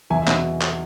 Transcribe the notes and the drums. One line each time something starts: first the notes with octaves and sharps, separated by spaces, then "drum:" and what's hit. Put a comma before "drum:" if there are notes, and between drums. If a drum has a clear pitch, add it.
E2 E5 G#5
E5
B2, drum: clap
drum: clap